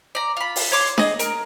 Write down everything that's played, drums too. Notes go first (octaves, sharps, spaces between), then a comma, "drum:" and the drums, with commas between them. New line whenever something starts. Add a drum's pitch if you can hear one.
D5 A#5
F4 B5
drum: open hi-hat
C#5 C6 D6
G#4 D#5, drum: snare D4
A#4, drum: hi-hat